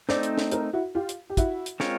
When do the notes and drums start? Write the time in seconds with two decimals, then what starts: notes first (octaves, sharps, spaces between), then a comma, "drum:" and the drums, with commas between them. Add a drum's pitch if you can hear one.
0.09 A3 C4 D#4 C5 D5, drum: snare
0.23 drum: hi-hat
0.37 drum: snare
0.51 A#4 C5, drum: hi-hat
0.73 E4 F#4
0.95 F4 G4
1.09 drum: hi-hat
1.30 G4
1.37 E4 F#4, drum: kick, hi-hat
1.66 drum: hi-hat
1.80 G#3 C4 F4 A#4 C#5, drum: snare